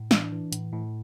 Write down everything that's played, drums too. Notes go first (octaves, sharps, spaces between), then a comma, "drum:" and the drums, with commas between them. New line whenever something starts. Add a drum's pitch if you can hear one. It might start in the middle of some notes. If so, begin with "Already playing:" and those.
Already playing: A2
E3 D4, drum: snare
E3
A2, drum: hi-hat
A2